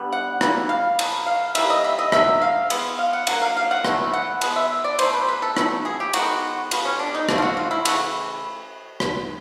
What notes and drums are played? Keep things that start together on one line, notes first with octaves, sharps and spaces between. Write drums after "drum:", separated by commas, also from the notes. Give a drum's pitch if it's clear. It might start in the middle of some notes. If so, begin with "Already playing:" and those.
Already playing: D3 G3 B3
F#5
E3 G3 A#3, drum: rim click
F5
B2 F#3 B3, drum: cymbal
F5
E3 G3 A#3 E5, drum: cymbal
D#5
E5
D#5
D3 F#3 A3 E5, drum: rim click
F5
E3 G#3 B3, drum: cymbal
F5
F#5
D3 F#3 A#3 F#5, drum: cymbal
F5
F5
F#5
E3 A3, drum: rim click
F#5
B2 G#3 B3, drum: cymbal
E5
D5
B2 F#3 A3 C5, drum: cymbal
B4
B4
A4
B2 F#3 A3, drum: rim click
G#4
G4
D#3 G#3 B3 F#4, drum: cymbal
B2 G3 B3 F4, drum: cymbal
C#4
D4
D#4
D3 F3 A3 D4, drum: rim click
F4
F#4
F4
E4
C#3 E3 A3 F#4, drum: cymbal
drum: rim click